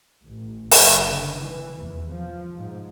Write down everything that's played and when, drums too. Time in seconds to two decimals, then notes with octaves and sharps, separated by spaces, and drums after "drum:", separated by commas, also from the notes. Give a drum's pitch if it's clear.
0.24 A1
0.72 F#1, drum: open hi-hat
1.04 D3
1.37 E3
1.83 E2
2.12 F3
2.57 G#2